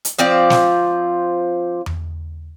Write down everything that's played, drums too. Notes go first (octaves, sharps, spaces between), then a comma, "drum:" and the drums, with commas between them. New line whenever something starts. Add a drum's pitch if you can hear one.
drum: hi-hat
F3 C4 F4 D5
drum: snare
drum: tom E2